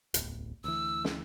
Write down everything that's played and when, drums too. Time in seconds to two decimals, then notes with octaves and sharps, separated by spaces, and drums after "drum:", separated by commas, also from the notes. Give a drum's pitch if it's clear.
0.14 D1 A1 E2, drum: hi-hat
0.64 D2 E3 E6
1.05 drum: snare